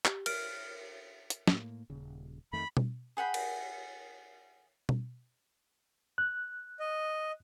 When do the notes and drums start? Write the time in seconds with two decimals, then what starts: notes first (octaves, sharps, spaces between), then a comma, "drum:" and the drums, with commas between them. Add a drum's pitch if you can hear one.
0.05 G4, drum: clap
0.26 F6 D7, drum: cymbal
1.30 drum: hi-hat
1.47 A2 A#3, drum: snare
1.90 D#1 C#3
2.53 F2 D#3 A3 B5
2.77 drum: tom B2
3.17 G#4 F#5 G5 B5
3.34 drum: cymbal
4.89 drum: tom B2
6.18 F#6
6.80 D#5